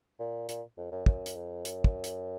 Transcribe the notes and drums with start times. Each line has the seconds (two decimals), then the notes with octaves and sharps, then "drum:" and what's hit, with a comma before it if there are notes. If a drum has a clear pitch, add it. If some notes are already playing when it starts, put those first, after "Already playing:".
0.19 A#2
0.49 A#2, drum: hi-hat
0.77 F2
0.92 F#2
1.06 F#2, drum: kick
1.26 drum: hi-hat
1.36 F2
1.65 F#2, drum: hi-hat
1.84 drum: kick
2.04 drum: hi-hat